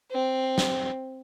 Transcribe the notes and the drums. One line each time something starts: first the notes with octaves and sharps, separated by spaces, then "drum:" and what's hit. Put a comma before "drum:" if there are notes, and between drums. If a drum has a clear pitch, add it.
C4
drum: snare